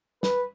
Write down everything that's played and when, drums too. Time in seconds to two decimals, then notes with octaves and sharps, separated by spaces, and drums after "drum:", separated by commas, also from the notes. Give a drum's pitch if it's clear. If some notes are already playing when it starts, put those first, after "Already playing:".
0.23 B4, drum: snare